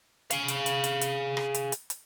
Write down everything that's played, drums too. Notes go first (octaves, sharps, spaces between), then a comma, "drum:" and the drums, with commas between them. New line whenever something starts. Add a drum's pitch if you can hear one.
G#4 F5, drum: hi-hat
drum: hi-hat
drum: hi-hat
drum: hi-hat
drum: hi-hat
drum: rim click
drum: hi-hat
drum: hi-hat
drum: hi-hat